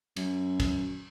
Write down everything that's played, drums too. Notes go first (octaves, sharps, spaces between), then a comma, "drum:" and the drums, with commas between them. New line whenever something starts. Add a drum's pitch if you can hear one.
F#2, drum: cymbal
drum: kick, cymbal